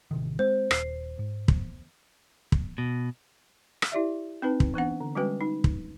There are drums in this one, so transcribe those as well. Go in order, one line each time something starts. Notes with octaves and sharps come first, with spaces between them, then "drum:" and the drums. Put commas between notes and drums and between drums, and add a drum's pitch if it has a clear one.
A1 C3 D#3
G#3 C4 C5
D#1 C7, drum: rim click
G#2
drum: kick
drum: kick
B2
drum: rim click
E4 G4 D5 E5
C4 D#4 B4 A5
drum: kick
E3 B3 D4 F#5
D3
G3 G#3 C#4 F#4 B4 G5
D#4
drum: kick